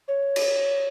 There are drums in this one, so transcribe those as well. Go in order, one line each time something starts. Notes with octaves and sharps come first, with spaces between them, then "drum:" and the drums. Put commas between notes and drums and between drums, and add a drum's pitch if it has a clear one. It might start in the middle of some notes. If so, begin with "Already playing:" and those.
C#5
drum: cymbal